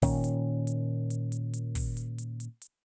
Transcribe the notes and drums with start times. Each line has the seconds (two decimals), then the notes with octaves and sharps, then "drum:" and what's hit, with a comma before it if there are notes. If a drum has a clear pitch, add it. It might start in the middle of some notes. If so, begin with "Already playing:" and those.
0.02 A#2 D#3 C#4, drum: kick, open hi-hat
0.24 drum: hi-hat
0.67 drum: hi-hat
1.10 drum: hi-hat
1.32 drum: hi-hat
1.54 drum: hi-hat
1.75 drum: kick, open hi-hat
1.97 drum: hi-hat
2.18 drum: hi-hat
2.40 drum: hi-hat
2.62 drum: hi-hat